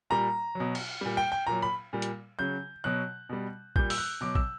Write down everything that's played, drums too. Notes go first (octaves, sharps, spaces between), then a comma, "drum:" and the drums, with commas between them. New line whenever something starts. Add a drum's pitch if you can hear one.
A#2 G3 A#5
B2 F#3
drum: cymbal
A#2 G3
G5
G5
A#2 F#3 A#5
B5
A#2 G3
drum: hi-hat
C#3 F#3 G6
B2 F#3 F#6
B2 G3
A#2 G3 G6, drum: kick A1
E6, drum: open hi-hat
F#6
B2 F#3 D6
E6, drum: kick A1